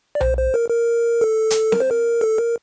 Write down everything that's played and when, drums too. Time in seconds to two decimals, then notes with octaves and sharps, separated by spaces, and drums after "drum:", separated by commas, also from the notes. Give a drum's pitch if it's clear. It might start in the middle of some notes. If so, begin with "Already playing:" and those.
0.15 D5
0.21 C5, drum: tom B1
0.37 C5
0.54 A#4
0.70 A#4
1.21 A4
1.50 drum: hi-hat
1.72 A#4, drum: snare C4
1.80 C5
1.91 A#4
2.21 A4
2.38 A#4